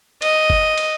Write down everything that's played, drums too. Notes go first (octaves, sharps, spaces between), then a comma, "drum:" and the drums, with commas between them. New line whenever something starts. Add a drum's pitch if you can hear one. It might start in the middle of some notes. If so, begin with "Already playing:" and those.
D#5, drum: cymbal
drum: kick F#1
drum: cymbal